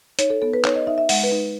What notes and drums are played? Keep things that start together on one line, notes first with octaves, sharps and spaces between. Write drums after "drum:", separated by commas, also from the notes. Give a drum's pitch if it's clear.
D#4 C#5, drum: hi-hat
A4
B3 A4
B4
D#4 C#5, drum: clap
D#5
D#4 E5
E5
G#3 F#5, drum: open hi-hat
B4
D#4